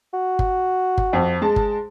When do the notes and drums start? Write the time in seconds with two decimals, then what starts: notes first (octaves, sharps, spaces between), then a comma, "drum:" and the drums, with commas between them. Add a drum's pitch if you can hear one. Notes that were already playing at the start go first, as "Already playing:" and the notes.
0.14 F#4
0.39 drum: kick G1
0.98 drum: kick G1
1.13 F2
1.42 G#3 A5
1.56 drum: kick G1